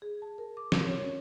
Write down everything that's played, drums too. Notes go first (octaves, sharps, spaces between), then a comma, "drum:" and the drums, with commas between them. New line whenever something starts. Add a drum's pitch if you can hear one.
G#4
A5
A#4
D6
drum: snare
C#5
C#4